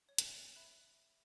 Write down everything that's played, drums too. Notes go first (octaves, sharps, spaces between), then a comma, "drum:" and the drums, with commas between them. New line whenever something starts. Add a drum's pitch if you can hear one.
C#5
drum: hi-hat
E5 B5 F#6